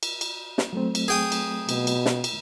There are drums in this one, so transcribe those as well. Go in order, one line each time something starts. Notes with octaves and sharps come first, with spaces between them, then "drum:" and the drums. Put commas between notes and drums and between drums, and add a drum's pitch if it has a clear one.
drum: cymbal
drum: cymbal
drum: snare
F#3 A3 C4
drum: cymbal
G#4 G5 D#6
drum: cymbal
B2, drum: cymbal
drum: cymbal
drum: snare
drum: cymbal